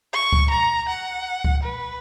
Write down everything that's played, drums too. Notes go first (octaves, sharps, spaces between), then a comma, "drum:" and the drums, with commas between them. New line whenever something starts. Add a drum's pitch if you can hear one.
C#6
drum: kick C#2
A#5
F#5
drum: kick C#2
B4